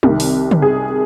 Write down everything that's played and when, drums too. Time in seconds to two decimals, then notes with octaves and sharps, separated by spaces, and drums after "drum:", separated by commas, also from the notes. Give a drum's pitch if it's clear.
0.03 C2 C3 D#3, drum: tom
0.20 drum: open hi-hat
0.51 drum: tom
0.62 G#4